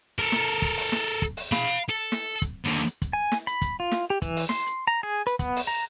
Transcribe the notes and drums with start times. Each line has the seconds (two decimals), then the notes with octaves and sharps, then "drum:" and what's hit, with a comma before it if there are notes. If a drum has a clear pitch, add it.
0.19 A4 A#4
0.32 drum: snare
0.47 drum: hi-hat
0.62 drum: kick, hi-hat
0.77 drum: open hi-hat
0.92 drum: snare
1.07 drum: hi-hat
1.22 drum: kick, hi-hat
1.37 drum: open hi-hat
1.52 F5 B5, drum: snare
1.67 drum: hi-hat
1.89 A4
2.12 drum: snare
2.42 drum: kick, hi-hat
2.64 D#2 D3
2.87 drum: hi-hat
3.02 drum: kick, hi-hat
3.13 G#5
3.32 drum: snare
3.47 B5, drum: hi-hat
3.62 drum: kick, hi-hat
3.80 F4
3.92 drum: snare
4.10 G4
4.22 E3, drum: kick, hi-hat
4.36 drum: open hi-hat
4.49 C6, drum: snare
4.66 drum: hi-hat
4.87 A#5
5.03 G#4
5.27 B4, drum: hi-hat
5.39 B3, drum: kick, hi-hat
5.56 drum: open hi-hat
5.67 A#5